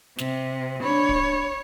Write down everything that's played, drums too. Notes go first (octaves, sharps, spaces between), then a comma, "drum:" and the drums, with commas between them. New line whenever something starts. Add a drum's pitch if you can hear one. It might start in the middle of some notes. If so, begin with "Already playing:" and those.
C3, drum: snare
D4 C#5 B5
drum: kick D1